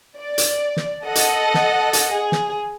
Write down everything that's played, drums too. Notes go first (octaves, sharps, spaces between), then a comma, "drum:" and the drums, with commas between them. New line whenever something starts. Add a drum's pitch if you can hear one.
D5
drum: hi-hat
drum: snare
A4 D#5 F#5
drum: hi-hat
drum: snare
drum: hi-hat
G#4
drum: snare